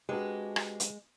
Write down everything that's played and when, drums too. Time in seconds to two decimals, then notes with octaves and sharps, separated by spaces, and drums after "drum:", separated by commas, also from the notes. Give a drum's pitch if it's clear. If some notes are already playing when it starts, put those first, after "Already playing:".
0.09 G#3 C4 D4 F#4 G4 B4
0.56 drum: rim click
0.80 drum: hi-hat